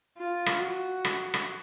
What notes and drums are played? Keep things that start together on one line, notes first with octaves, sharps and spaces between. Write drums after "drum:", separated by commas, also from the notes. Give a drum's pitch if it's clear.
F4
drum: rim click
F#4
drum: rim click
drum: rim click